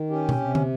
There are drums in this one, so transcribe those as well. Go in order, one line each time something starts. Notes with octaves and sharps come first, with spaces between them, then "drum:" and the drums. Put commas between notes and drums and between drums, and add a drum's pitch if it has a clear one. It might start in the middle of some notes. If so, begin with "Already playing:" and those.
Already playing: D#3
C#4 G4
drum: tom B2
C3
drum: tom